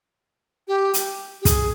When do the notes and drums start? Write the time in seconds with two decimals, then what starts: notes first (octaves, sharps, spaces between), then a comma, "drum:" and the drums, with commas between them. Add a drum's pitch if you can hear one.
0.68 G4
0.94 drum: hi-hat
1.42 G4
1.45 G#4, drum: kick, hi-hat